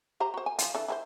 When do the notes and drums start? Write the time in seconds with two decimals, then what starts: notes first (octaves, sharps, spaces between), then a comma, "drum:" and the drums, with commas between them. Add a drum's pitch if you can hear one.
0.20 G4 C5 A#5
0.34 F#4 C5
0.46 G#5
0.59 F3 F4, drum: hi-hat
0.75 E3 D4 A4
0.88 E4 G#4 C5